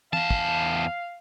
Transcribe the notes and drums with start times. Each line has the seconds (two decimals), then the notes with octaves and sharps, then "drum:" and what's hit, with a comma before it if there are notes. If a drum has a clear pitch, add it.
0.13 E2 F5 A5, drum: tom
0.30 drum: kick